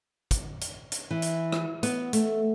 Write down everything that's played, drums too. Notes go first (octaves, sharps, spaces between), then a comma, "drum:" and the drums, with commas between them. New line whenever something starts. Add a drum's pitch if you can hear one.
drum: kick, hi-hat
drum: hi-hat
drum: hi-hat
E3
drum: hi-hat
drum: rim click
B3, drum: hi-hat
A3, drum: hi-hat